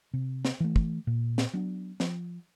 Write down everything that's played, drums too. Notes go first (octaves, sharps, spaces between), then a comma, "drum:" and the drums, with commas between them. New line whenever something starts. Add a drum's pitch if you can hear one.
C3
drum: snare
E3 A3
drum: kick
A#2
drum: snare
F#3 B3 D4
F3, drum: snare